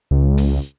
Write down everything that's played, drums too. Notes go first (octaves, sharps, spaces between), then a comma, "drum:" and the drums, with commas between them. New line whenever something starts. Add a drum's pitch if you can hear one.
C#2
drum: open hi-hat